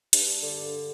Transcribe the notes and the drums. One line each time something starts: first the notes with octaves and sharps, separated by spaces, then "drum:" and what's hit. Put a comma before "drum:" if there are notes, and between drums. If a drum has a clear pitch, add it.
G2, drum: hi-hat
D3